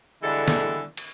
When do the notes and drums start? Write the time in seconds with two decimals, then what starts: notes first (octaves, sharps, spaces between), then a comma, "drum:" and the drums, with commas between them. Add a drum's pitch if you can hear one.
0.23 D3 E3 G3 G#3 E4 A4
0.48 drum: snare
0.97 drum: cymbal